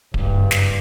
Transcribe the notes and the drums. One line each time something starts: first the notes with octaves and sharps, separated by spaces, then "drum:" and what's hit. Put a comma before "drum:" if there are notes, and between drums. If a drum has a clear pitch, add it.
F#1 G2, drum: kick D1
drum: snare